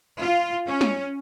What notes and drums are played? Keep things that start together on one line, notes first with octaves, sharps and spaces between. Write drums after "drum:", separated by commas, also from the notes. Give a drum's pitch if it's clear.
F4
C#4
drum: snare